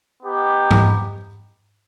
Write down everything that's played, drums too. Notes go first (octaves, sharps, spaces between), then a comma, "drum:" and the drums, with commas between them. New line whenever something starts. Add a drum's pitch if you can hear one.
B3 D#4 G4
drum: tom G#2